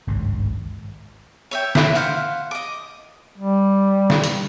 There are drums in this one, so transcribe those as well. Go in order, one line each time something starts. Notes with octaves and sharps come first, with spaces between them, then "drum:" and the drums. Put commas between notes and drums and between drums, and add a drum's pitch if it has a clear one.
G#1 C#2 G2 C#3
C#5 E5 G5
E4 E5, drum: snare
C5 F5 F#5
D#5 D6
G3
drum: snare
drum: hi-hat